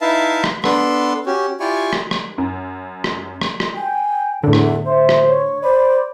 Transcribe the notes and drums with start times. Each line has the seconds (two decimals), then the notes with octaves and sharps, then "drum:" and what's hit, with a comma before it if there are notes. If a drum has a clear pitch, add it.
0.01 D#4 E4 B4 E5 F5 A5
0.44 drum: rim click
0.64 B3 D4 A4 B4 C6, drum: rim click
1.26 C#4 F#4 G4
1.60 E4 F4 G4 D5 G#5 C#6
1.93 drum: rim click
2.11 drum: rim click
2.38 F#2
3.04 drum: rim click
3.41 drum: rim click
3.60 drum: rim click
3.76 G5 G#5
4.44 E2 A2 D3 A4
4.53 drum: rim click
4.86 C5 E5 C6
5.09 drum: rim click
5.28 C#5
5.63 C5 D5 B5